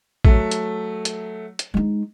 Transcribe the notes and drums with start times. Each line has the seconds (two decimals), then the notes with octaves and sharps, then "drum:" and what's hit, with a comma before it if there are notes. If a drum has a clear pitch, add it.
0.25 F#3 A3, drum: kick
0.51 drum: hi-hat
1.05 drum: hi-hat
1.59 drum: hi-hat
1.74 G#3 D#4